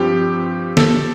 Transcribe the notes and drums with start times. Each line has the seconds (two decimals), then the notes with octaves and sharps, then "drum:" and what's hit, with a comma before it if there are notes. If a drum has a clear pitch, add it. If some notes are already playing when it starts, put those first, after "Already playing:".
Already playing: G2 F3 C4 G4
0.77 A4, drum: snare